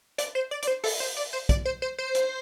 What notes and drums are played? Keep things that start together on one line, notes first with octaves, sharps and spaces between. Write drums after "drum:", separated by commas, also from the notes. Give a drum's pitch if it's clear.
D5, drum: hi-hat
C5
D5
D5, drum: hi-hat
C5
A4, drum: open hi-hat
C5
D5
C5
D5, drum: kick, hi-hat
C5
C5
C5
drum: hi-hat